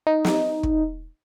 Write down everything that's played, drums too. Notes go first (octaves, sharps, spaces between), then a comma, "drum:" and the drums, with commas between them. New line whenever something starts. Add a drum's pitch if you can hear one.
D#4
drum: snare
drum: kick